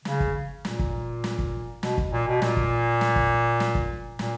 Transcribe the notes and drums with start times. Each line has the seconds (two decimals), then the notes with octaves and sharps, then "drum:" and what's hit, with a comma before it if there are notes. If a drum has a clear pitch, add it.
0.05 C#3, drum: snare
0.20 drum: kick
0.65 A#2, drum: snare
0.79 drum: kick
1.24 drum: snare
1.38 drum: kick
1.83 B2, drum: snare
1.98 drum: kick
2.12 A#2
2.27 B2
2.42 A#2, drum: snare
2.57 drum: kick
3.01 drum: snare
3.16 drum: kick
3.60 drum: snare
3.75 drum: kick
4.19 A#2, drum: snare